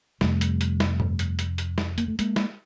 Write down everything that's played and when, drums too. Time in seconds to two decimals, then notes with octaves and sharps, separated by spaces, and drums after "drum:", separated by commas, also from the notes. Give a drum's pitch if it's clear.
0.21 F2 C3 G3 A3, drum: snare
0.41 drum: hi-hat
0.61 drum: hi-hat
0.80 drum: snare
1.00 drum: tom G2
1.19 drum: hi-hat
1.39 drum: hi-hat
1.58 drum: hi-hat
1.78 drum: snare
1.98 A#3, drum: hi-hat
2.08 A3
2.19 G#3 A#3, drum: hi-hat
2.36 drum: snare